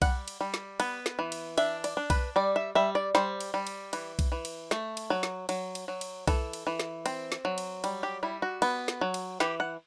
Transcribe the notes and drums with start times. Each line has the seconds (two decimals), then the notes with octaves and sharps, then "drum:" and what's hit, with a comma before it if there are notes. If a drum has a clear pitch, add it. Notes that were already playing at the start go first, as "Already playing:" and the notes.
0.02 G3 F#5, drum: kick B1, cymbal
0.28 drum: cymbal
0.41 G3
0.54 drum: snare
0.80 B3, drum: cymbal
1.06 drum: snare
1.19 E3
1.32 drum: cymbal
1.58 D4 E5, drum: cymbal
1.84 D5, drum: cymbal
1.97 D4
2.10 B4, drum: kick B1, cymbal
2.36 G3 D5
2.56 E5
2.75 G3 E5
2.95 D5
3.15 G3 C5, drum: snare
3.41 drum: cymbal
3.54 G3
3.67 drum: cymbal
3.93 E3, drum: cymbal
4.19 drum: kick B1, cymbal
4.32 E3
4.45 drum: cymbal
4.71 A3, drum: snare
4.97 drum: cymbal
5.10 F#3
5.23 drum: snare
5.49 F#3, drum: cymbal
5.75 drum: cymbal
5.88 F#3
6.01 drum: cymbal
6.27 E3 A4, drum: kick B1, cymbal
6.53 drum: cymbal
6.67 E3
6.80 drum: snare
7.06 C4, drum: cymbal
7.32 drum: snare
7.45 F#3
7.58 drum: cymbal
7.84 G3, drum: cymbal
8.03 G4
8.23 G3 E4
8.42 F#4
8.62 B3, drum: cymbal
8.88 drum: snare
9.01 F#3
9.14 drum: cymbal
9.40 E3 G4, drum: snare
9.60 F#5